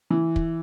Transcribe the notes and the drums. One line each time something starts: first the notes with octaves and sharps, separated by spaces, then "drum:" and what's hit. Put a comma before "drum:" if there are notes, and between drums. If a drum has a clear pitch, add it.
E3
drum: kick